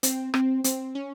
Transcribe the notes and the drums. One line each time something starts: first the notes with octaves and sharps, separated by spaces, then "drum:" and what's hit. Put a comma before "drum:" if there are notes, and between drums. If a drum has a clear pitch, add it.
C4, drum: hi-hat
C4, drum: rim click
C4, drum: hi-hat
C#4